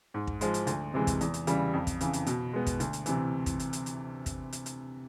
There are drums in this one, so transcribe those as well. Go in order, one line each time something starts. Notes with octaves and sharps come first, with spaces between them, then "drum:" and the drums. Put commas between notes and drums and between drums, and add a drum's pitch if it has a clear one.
G#2
drum: kick
F3 G#3, drum: hi-hat
drum: hi-hat
D2, drum: hi-hat
C3 E3 G#3
drum: kick, hi-hat
E2, drum: hi-hat
drum: hi-hat
C#3 E3 G3, drum: hi-hat
F2
drum: kick, hi-hat
C#3 E3, drum: hi-hat
drum: hi-hat
B2, drum: hi-hat
G#3 B3
drum: kick, hi-hat
D2, drum: hi-hat
drum: hi-hat
C3 E3, drum: hi-hat
drum: kick, hi-hat
drum: hi-hat
drum: hi-hat
drum: hi-hat
drum: kick, hi-hat
drum: hi-hat
drum: hi-hat